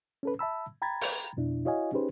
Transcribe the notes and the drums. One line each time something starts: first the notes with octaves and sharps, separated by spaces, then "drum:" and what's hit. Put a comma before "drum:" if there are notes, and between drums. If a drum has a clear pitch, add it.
C#4 A4 B4
E5 A5 B5 E6
G5 A#5 B5 G#6 A6
drum: open hi-hat
F2 B2 D4 E4
E4 F#4 C#5 D#5 F5 G#5
C#4 D#4 G4 G#4 B4 C5